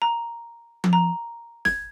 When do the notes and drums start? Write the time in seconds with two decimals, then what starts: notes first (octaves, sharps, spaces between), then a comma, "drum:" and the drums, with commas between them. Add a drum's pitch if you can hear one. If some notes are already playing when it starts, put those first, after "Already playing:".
0.02 A#5
0.84 drum: tom F3
0.93 A#5
1.65 G#6, drum: snare